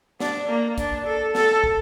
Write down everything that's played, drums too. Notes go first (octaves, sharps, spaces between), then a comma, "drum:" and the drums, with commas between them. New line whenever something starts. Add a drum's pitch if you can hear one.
D4, drum: snare
A#3
D4, drum: kick, hi-hat
A4
A4, drum: snare
drum: kick